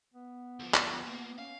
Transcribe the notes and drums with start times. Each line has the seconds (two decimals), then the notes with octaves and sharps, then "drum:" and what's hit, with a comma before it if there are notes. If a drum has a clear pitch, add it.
0.14 B3
0.60 D2 F3
0.74 drum: clap
1.07 A#3
1.39 C#4 F5